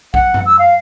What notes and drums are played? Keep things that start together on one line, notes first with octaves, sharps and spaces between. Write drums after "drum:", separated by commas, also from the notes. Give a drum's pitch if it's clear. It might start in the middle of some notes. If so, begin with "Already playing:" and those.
F#5, drum: kick A#1
drum: tom F#2
E6
F5